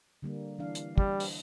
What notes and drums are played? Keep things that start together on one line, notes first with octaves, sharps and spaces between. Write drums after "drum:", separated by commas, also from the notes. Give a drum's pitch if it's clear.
D3 G3 A#3
E3 D4 F5
drum: hi-hat
G3, drum: kick
drum: open hi-hat